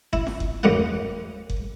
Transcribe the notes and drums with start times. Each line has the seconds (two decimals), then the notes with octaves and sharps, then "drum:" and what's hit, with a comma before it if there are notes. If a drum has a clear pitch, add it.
0.13 E4, drum: kick F#1
0.27 drum: snare
0.40 drum: kick F#1
0.63 E2 G#2 F#3 A#3 F#5
1.50 drum: kick F#1